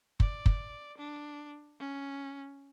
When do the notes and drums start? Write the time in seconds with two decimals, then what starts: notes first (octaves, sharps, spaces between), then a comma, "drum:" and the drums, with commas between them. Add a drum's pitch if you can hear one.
0.20 D5, drum: kick
0.46 drum: kick
0.97 D4
1.79 C#4